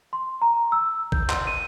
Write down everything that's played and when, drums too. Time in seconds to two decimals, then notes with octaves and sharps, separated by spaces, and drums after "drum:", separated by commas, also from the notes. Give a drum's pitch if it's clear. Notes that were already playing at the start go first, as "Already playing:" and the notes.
0.13 C6
0.42 A#5
0.72 E6
1.12 G6, drum: kick
1.30 C6, drum: clap
1.47 D#7